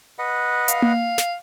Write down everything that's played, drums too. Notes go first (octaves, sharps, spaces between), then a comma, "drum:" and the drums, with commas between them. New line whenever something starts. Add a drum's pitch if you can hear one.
B4 D#5 F#5
F5, drum: hi-hat
drum: tom A#3
drum: snare